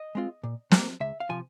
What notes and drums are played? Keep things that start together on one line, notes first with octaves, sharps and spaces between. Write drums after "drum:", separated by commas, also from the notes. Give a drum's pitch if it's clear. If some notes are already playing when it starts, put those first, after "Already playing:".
Already playing: D#5
G#3 C4 F4
A#2
G3, drum: snare
A#3
C#2 E5
F5
C3 F3 G#5